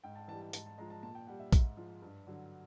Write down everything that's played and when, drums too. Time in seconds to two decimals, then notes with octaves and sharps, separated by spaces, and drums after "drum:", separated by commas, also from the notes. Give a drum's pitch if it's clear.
0.04 G#2 G5
0.16 A5
0.28 E3 G3 A5
0.41 A5
0.53 G#2 A5, drum: hi-hat
0.66 A5
0.78 F3 G#3 A#5
0.90 A5
1.03 A#2 A5
1.15 G5
1.27 G3 F#5
1.40 E5
1.53 G#2, drum: kick A#1, hi-hat
1.77 F3 G#3
2.02 G2
2.27 D3 F#3